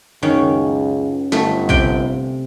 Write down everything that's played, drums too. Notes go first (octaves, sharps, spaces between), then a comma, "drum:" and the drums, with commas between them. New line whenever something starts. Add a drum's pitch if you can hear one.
C#2 F#2 D#3 C#4
G1 A3, drum: snare
C3 G5, drum: kick